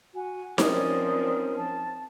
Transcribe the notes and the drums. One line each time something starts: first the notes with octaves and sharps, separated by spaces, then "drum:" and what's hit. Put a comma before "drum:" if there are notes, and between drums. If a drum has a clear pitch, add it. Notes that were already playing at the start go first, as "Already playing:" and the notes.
F#4 G#5
F3 C4 C#4 D#4 A#4 D5 D#6, drum: snare D#4
A5